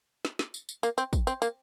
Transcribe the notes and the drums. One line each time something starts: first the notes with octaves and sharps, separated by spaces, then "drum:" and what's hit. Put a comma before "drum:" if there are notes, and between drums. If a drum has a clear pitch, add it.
drum: snare
drum: snare
drum: tambourine
drum: tambourine
A#3, drum: tambourine
C4, drum: tambourine
drum: kick, tambourine
C4, drum: tambourine
A#3, drum: tambourine